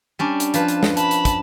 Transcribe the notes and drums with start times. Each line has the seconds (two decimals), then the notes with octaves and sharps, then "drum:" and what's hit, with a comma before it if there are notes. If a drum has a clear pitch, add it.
0.19 G3 C#4 D4
0.40 drum: hi-hat
0.54 F3 B4 A5, drum: hi-hat
0.68 drum: hi-hat
0.83 drum: snare
0.97 A5 B5, drum: hi-hat
1.11 drum: hi-hat
1.25 drum: kick, hi-hat